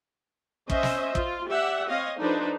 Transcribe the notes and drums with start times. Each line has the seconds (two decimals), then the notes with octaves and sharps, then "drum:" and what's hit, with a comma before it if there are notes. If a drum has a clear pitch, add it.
0.70 C#4 C5 D#5 E5, drum: kick
0.83 drum: snare
1.15 F4, drum: kick
1.50 G4 D5 E5 F#5
1.89 C4 C#5 D#5 F5
2.19 F3 D4 D#4 A4 B4 C5